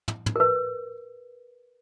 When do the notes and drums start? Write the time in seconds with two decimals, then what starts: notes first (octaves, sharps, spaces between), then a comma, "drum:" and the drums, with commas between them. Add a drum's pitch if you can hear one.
0.08 drum: tom
0.26 drum: tom
0.36 A#4 B4